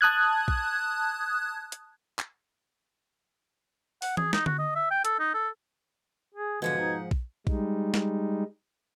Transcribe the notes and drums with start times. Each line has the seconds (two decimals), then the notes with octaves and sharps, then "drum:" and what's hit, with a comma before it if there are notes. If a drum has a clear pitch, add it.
0.01 A5 D#6 F#6 G#6
0.48 drum: kick A#1
1.72 drum: hi-hat
2.19 drum: clap
4.02 F#5, drum: open hi-hat
4.17 G#4, drum: tom E3
4.33 D#4, drum: snare
4.46 F#4, drum: tom D3
4.59 D#5
4.76 E5
4.91 G5
5.05 A4, drum: hi-hat
5.20 D#4
5.34 A4
6.34 G#4
6.62 G#2 B2 D3 F3 F#5 G#6
6.78 D#4
7.11 drum: kick A#1
7.47 G3 G#3 D#4, drum: kick A#1
7.94 drum: snare